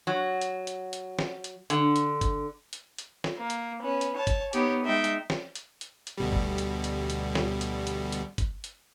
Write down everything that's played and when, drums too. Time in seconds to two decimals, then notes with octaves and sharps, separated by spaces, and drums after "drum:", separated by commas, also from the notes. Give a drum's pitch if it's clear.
0.07 F#3
0.41 drum: hi-hat
0.67 drum: hi-hat
0.93 drum: hi-hat
1.19 drum: snare
1.44 drum: hi-hat
1.70 D3, drum: hi-hat
1.96 drum: hi-hat
2.21 drum: kick G1, hi-hat
2.73 drum: hi-hat
2.98 drum: hi-hat
3.24 drum: snare
3.37 A#3
3.50 drum: hi-hat
3.82 B3 C#4
4.01 drum: hi-hat
4.15 C#5 A5
4.27 drum: kick G1, hi-hat
4.53 B3 D#4 G4 C#5, drum: hi-hat
4.84 G#3 D#4 E5 G5
5.04 drum: hi-hat
5.30 drum: snare
5.55 drum: hi-hat
5.81 drum: hi-hat
6.07 drum: hi-hat
6.18 D2 B2 G3
6.33 drum: kick G1
6.58 drum: hi-hat
6.84 drum: hi-hat
7.10 drum: hi-hat
7.35 drum: snare
7.61 drum: hi-hat
7.87 drum: hi-hat
8.12 drum: hi-hat
8.38 drum: kick G1, hi-hat
8.64 drum: hi-hat